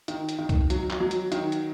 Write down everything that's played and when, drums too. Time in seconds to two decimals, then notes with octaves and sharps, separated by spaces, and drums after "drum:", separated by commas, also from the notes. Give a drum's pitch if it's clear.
0.08 D#3, drum: hi-hat
0.29 drum: hi-hat
0.39 D#3
0.49 drum: kick C2, hi-hat
0.70 F#3, drum: hi-hat
0.90 drum: clap
1.01 F#3
1.11 drum: hi-hat
1.32 D#3, drum: hi-hat
1.52 drum: hi-hat